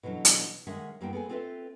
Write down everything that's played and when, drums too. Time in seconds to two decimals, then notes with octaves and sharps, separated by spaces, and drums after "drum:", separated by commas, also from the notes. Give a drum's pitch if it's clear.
0.03 B2 D3 E3 F#3 C#4
0.25 drum: hi-hat
0.67 D#3 G#3 C#4 E5 F#5
1.01 F#2 G3 A#3 B3 E4 G5
1.13 B3 G#4 A4 G#5
1.29 C4 F4 A4 B4 E5